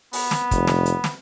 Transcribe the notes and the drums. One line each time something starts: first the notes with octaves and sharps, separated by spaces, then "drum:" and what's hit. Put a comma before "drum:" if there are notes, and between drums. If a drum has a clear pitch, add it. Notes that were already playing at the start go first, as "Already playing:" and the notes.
B3, drum: open hi-hat
drum: snare
F1, drum: kick, hi-hat
drum: snare
drum: hi-hat
drum: snare